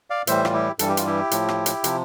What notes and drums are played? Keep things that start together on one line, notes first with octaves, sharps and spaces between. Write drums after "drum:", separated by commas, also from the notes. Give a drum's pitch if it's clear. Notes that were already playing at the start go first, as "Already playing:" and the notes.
D5 F5
A2 E3 G3 C5 E5, drum: hi-hat
F4, drum: rim click
E4 G4
G2 E3 G3 A4, drum: hi-hat
G4
F4, drum: hi-hat
E4 G4
A2 F3, drum: hi-hat
drum: rim click
drum: hi-hat
C3 F3, drum: hi-hat